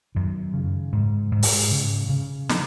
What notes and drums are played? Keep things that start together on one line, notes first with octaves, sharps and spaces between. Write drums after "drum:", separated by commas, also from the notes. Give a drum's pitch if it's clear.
F#2 D#3
C#3
G#2
G#2
drum: open hi-hat
C#3
C#3
F3, drum: snare